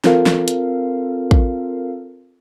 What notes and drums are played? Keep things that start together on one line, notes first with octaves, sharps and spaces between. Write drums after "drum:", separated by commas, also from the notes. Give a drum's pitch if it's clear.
C4 F4 A4 A#4 F5, drum: snare
drum: snare
drum: hi-hat
drum: kick